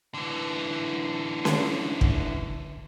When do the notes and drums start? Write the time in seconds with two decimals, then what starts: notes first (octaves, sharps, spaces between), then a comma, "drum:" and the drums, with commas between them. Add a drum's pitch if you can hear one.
0.14 D3 E3
1.45 drum: snare C#4
2.01 drum: kick